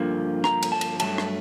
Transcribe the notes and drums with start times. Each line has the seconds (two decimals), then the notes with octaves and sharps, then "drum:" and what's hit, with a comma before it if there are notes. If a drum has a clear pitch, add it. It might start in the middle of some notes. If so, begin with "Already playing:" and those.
Already playing: G2 D3 F3 A#3
0.44 A#5, drum: rim click
0.63 drum: cymbal
0.72 A5
0.81 drum: cymbal
1.00 G2 D#3 F#3 A3 A5, drum: cymbal
1.18 drum: rim click